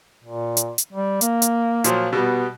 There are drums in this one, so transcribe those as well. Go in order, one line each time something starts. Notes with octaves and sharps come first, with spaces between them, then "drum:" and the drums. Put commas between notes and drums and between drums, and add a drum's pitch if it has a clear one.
A#2
drum: hi-hat
drum: hi-hat
G3
A#3, drum: hi-hat
drum: hi-hat
A#2 F3 F#3, drum: hi-hat
B2 G3 B3